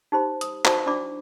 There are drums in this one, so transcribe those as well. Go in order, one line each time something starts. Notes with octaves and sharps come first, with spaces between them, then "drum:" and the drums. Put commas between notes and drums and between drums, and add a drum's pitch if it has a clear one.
D#4 G4 C5 B5
D#6, drum: hi-hat
D#4 F#4 C5 D5 B5 C#6, drum: clap
D4 E4 D5 B5 D6